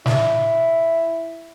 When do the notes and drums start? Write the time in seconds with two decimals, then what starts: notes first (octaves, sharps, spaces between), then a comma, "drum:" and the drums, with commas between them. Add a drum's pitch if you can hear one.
0.06 E4, drum: snare